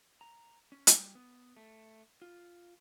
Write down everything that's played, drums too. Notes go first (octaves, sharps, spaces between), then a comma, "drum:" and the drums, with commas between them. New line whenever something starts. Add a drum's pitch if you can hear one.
A#5
C#4
G3, drum: hi-hat
B3
A3
F4